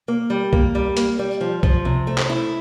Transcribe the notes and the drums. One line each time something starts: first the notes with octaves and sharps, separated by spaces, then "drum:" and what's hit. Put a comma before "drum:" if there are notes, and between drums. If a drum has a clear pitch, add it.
A#3
G3
A#3, drum: kick C2
G3
A#3, drum: hi-hat
G3
F3
F3, drum: kick C2
C3
A3
drum: clap
E4